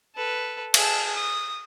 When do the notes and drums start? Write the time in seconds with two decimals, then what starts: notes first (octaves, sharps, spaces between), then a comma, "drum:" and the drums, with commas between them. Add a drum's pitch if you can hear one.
0.15 A4 B4
0.74 G#4 A5, drum: cymbal
1.15 D#6